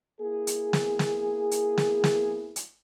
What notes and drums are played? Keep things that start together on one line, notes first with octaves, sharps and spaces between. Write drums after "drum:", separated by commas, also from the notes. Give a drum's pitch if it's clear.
A#3 E4 G#4
drum: hi-hat
drum: snare
drum: snare
drum: hi-hat
drum: snare
drum: snare
drum: hi-hat